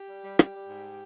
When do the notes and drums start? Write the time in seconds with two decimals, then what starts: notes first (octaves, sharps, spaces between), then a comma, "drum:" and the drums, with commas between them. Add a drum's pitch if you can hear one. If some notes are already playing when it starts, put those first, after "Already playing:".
Already playing: G4
0.09 G3
0.24 G3
0.39 G3, drum: rim click
0.54 G3
0.69 G#2